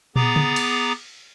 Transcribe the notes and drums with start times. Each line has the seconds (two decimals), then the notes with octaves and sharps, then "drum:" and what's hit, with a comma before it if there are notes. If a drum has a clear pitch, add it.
0.16 B3 G#4 A#5 D6 A6, drum: tom
0.36 drum: tom C#3
0.56 drum: cymbal